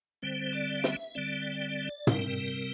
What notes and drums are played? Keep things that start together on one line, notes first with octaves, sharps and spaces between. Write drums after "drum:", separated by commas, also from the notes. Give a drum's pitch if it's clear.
D3 G3 C4 C5
D5
F5
E5, drum: snare
D3 G3 C4 D5
C3 G3 C4 A#4, drum: tom